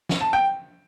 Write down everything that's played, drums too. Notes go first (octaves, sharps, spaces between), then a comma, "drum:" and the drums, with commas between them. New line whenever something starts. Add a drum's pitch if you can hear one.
drum: snare
A5
G5